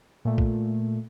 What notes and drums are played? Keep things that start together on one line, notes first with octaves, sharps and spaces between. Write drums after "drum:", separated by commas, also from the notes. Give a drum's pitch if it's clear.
A#2 A3
drum: kick